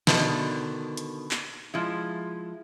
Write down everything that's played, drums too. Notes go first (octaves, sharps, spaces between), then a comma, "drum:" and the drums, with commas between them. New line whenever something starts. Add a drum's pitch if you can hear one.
B2 D3 D#3 A5, drum: snare
drum: hi-hat
drum: clap
F3 G#3 E4